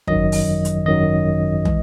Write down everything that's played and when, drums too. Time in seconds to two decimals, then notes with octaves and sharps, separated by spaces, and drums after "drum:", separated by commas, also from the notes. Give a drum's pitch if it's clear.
0.07 G#1 F#2 D#3 F#3 D#5, drum: kick
0.32 drum: open hi-hat
0.65 drum: hi-hat
0.86 G#1 F#2 D#3 F#3 D#5
1.65 E3 G#3, drum: tom